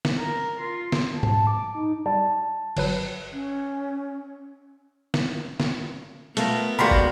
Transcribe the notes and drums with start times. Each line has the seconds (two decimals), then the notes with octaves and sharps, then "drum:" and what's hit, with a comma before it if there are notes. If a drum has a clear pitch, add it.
0.05 drum: snare
0.18 A#4
0.60 F4
0.92 drum: snare
1.13 A5
1.23 drum: tom G#2
1.47 D6
1.75 D#4
2.06 G3 A5
2.77 G1 F#3 B4, drum: cymbal
3.33 C#4
5.14 drum: snare
5.60 drum: snare
6.37 A3 B3 F4 A#4, drum: hi-hat
6.79 D#3 G3 G#3 A#3 F#4 A#4 B5 C6
6.91 drum: kick